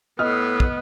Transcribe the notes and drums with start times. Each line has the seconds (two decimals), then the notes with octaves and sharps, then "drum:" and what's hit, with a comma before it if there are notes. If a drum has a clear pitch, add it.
0.19 A2 B3 D#5 D#6 F6
0.60 drum: kick